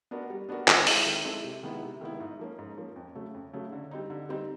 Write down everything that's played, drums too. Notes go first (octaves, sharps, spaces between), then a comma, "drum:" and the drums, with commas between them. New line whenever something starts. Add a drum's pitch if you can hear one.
B3 D4 F#4 A#4
G3
B3 D4 F#4 A#4
D#3, drum: clap
G#3 C4 E4 A4, drum: open hi-hat
D#3
G#3 C4 E4 A4
C3
D#3 G#3 B3 E4
C3
D#3 G#3 B3 E4
G#2
F3 A#3 C#4
G#2
F3 A#3 C#4
F2
C#3 F#3 A3
F2
C#3 F#3 A3
D3
G3 C4 D#4
D3
G3 C4 D#4